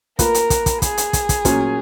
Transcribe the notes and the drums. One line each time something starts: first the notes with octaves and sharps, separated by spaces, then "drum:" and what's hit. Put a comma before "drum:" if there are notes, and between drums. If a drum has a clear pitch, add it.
A#3 F4 A#4 B4, drum: kick, hi-hat
drum: hi-hat
drum: kick, hi-hat
drum: kick, hi-hat
G#4, drum: kick, hi-hat
drum: hi-hat
drum: kick, hi-hat
drum: kick, hi-hat
A#2 F#3 C#4, drum: kick, hi-hat